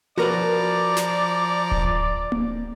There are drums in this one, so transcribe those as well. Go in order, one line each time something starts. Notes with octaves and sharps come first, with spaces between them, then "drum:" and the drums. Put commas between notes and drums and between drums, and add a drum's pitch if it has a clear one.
F3 F#4 A#4 B4 D5 A#5
drum: snare
drum: kick D1
drum: tom A#3